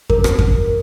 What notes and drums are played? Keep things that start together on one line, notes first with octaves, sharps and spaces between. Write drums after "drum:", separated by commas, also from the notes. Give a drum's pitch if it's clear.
A#4, drum: kick F2
drum: rim click
drum: kick F2